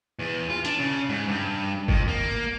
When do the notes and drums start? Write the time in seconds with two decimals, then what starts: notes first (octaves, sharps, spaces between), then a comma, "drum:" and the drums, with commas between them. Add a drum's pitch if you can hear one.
0.19 E2
0.50 F4
0.65 D4, drum: hi-hat
0.80 C#3
1.09 G#2
1.28 G2
1.88 F2, drum: kick G1
2.08 A#3